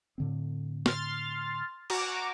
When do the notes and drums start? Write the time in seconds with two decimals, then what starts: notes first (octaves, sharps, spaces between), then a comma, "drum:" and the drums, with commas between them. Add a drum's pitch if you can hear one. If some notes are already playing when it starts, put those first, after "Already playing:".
0.18 A2 D3 C4
0.86 C6 F6 A6, drum: snare
1.90 F#4 A#5 D6, drum: cymbal